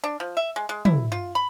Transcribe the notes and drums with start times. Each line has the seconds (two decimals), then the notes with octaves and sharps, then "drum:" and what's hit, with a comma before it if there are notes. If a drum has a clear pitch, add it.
0.04 D4
0.20 F3
0.37 E5
0.56 G#3
0.69 G#3
0.85 E4, drum: tom
1.12 F4
1.35 B5